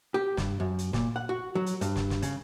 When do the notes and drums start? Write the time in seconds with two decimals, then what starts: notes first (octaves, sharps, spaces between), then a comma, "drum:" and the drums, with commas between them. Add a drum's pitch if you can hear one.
0.14 G4
0.37 G2, drum: snare
0.60 F#2
0.79 drum: hi-hat
0.93 A#2, drum: snare
1.16 F#5
1.29 F#4
1.55 F#3
1.66 drum: hi-hat
1.81 G2, drum: hi-hat
1.96 drum: snare
2.10 drum: snare
2.22 C#3, drum: hi-hat